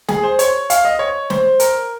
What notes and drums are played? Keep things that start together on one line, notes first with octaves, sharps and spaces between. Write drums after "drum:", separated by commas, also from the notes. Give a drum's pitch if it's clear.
G#4, drum: snare
C5
C#5, drum: hi-hat
F5, drum: hi-hat
D#5
C#5
C5, drum: snare
A#4, drum: hi-hat